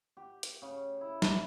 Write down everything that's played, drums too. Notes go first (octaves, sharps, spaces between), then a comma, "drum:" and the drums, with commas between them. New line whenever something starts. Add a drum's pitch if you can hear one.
G4
drum: hi-hat
C#3
E4
drum: snare